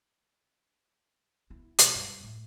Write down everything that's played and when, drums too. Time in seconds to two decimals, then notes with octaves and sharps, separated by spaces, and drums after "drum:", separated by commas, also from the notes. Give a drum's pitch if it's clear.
1.50 B3 E4
1.78 B2 G#3, drum: hi-hat
1.95 G2
2.21 A2 A3